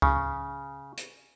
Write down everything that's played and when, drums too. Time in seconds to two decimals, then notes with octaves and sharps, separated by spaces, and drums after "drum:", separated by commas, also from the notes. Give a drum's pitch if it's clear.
0.02 C#3, drum: kick C#2
0.97 drum: hi-hat